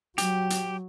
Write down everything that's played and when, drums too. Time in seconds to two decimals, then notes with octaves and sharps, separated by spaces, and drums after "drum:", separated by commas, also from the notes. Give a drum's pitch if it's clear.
0.18 F#3 G4, drum: hi-hat
0.50 drum: hi-hat